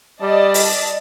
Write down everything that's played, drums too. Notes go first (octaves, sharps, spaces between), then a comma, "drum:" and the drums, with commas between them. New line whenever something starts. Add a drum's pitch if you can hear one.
G3 D5 D#5 A5
drum: open hi-hat